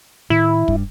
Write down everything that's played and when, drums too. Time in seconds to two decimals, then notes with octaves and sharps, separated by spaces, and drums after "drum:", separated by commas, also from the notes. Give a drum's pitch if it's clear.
0.30 A2 D#3 E4
0.68 G2 G3 D4, drum: kick